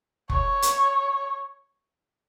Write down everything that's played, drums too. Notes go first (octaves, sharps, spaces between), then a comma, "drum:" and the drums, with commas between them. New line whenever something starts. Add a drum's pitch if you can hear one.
C#5, drum: kick F1
drum: hi-hat